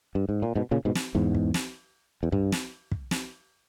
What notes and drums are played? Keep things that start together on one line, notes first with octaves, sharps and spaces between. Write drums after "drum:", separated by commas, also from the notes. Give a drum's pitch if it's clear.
G2
G#2
A#2
G#2 B2
A#2 C#3
G#2 B2
drum: snare
E2 G#2
drum: kick
drum: snare
E2
G2, drum: kick
drum: snare
drum: kick
drum: snare